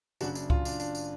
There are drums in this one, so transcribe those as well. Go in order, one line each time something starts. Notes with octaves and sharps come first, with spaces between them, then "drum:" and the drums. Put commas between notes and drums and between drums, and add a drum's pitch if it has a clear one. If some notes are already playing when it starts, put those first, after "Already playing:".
F#1 F#2 C#3 D4 F#4, drum: tambourine
D4, drum: tambourine
F4, drum: kick C#2
D4, drum: tambourine
D4, drum: tambourine
drum: tambourine